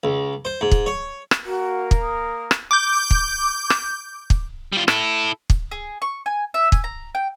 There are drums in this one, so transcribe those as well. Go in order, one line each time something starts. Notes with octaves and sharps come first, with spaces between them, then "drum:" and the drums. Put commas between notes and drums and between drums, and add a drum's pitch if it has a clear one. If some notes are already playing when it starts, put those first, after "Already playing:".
C#2
C5
G#2
drum: kick
C#5
drum: rim click
A#3 F#4 A#4
drum: kick
D#6
drum: rim click
D6 G6
drum: kick
drum: rim click
drum: kick
G3 F4
E4 A4, drum: rim click
drum: kick
G#4
C#6
G#5
E5
G#5, drum: kick
A#5
G5